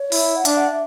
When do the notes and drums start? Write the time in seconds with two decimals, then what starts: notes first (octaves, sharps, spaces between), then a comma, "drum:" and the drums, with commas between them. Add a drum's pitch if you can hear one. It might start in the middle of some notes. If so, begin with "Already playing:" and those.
Already playing: C#5
0.12 E4, drum: open hi-hat
0.36 F#5
0.45 D4 E5, drum: hi-hat
0.57 F#5
0.68 E5